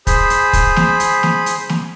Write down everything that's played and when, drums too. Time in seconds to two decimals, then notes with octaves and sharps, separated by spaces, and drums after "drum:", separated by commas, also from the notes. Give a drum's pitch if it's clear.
0.07 G#4 C5 B5, drum: kick, hi-hat
0.30 drum: hi-hat
0.53 drum: kick, hi-hat
0.77 drum: snare
1.00 drum: hi-hat
1.23 drum: snare
1.46 drum: hi-hat
1.69 drum: snare